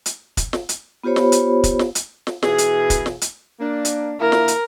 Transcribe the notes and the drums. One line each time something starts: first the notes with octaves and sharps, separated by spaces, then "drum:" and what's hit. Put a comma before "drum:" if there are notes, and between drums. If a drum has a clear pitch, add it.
drum: hi-hat
drum: kick, hi-hat
drum: snare
drum: hi-hat
B3 F4 G4 C5 C#5 B5
drum: snare
drum: hi-hat
drum: kick, hi-hat
drum: snare
drum: hi-hat
drum: snare
B2 E3 G#4, drum: snare
drum: hi-hat
drum: kick, hi-hat
drum: snare
drum: hi-hat
A#3 D4
drum: hi-hat
D3 A#3 E4 A#4
drum: snare
drum: hi-hat